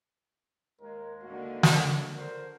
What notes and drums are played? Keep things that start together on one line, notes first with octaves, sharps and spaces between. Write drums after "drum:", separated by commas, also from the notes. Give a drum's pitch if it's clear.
D#2 G#3 A#4
D3 A#3 F#4
drum: snare
D3 A#4 C5